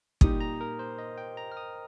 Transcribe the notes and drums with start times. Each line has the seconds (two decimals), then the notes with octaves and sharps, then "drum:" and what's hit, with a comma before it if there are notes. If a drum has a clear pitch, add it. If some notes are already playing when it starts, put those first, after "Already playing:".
0.21 A#2 G3 D#4 G4 D#6, drum: kick
0.40 A#5
0.61 A#4
0.79 C5
0.98 D#5
1.18 G5
1.37 A#5
1.52 F6
1.57 D#6